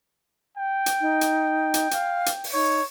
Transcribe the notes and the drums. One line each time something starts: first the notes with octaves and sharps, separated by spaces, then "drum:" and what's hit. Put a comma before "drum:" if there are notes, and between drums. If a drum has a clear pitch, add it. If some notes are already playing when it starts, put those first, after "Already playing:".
G5
drum: hi-hat
D#4
drum: hi-hat
drum: hi-hat
F5, drum: hi-hat
drum: hi-hat
drum: open hi-hat
D#4 C#5